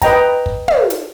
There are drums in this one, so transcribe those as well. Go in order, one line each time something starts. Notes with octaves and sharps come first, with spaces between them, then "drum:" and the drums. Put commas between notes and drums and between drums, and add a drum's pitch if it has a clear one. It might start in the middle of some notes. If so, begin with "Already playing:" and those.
B4 D#5 G5 A#5, drum: kick, hi-hat
drum: kick
drum: tom
drum: hi-hat